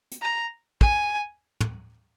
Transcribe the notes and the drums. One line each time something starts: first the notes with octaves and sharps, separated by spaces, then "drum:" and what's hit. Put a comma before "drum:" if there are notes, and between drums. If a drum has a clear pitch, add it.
drum: hi-hat
A#5
G#5, drum: kick
drum: tom